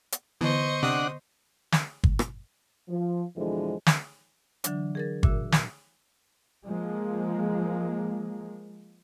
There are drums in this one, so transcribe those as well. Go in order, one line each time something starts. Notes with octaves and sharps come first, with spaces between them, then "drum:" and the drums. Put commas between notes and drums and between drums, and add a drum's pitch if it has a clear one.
drum: hi-hat
D3 E3 B3 C5 D#5 C#6
C3 D4 F#5 D#6
drum: snare
drum: kick G1
drum: rim click
F3
F2 B2 D3 E3 F3 G#3
drum: snare
D3 E3 F#3 D4, drum: hi-hat
G#4 A#4 A6
A#2 F#4 E5 E6, drum: kick G1
drum: snare
F3 G#3 A#3